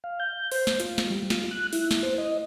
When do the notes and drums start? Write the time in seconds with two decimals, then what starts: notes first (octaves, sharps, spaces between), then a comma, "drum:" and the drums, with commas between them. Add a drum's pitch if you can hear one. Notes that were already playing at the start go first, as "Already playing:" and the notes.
0.04 F5
0.20 G6
0.52 C5, drum: open hi-hat
0.67 drum: snare
0.80 F4, drum: hi-hat
0.98 drum: snare
1.10 G3
1.30 F4, drum: snare
1.51 F#6
1.73 E4, drum: open hi-hat
1.91 drum: snare
2.03 C5
2.18 D#5